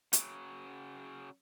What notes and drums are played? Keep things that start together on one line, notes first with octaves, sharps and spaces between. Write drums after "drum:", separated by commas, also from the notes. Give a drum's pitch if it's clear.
C#3 F#3, drum: hi-hat